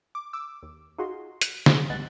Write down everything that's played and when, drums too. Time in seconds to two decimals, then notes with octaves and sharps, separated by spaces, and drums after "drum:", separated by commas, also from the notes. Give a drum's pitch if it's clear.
0.15 D6
0.33 D6 E6
0.63 D#2
0.98 D#4 F4 F#4 G#4 C6
1.41 drum: hi-hat
1.66 drum: snare
1.90 C2 G2 G#3 B3 F#6 A6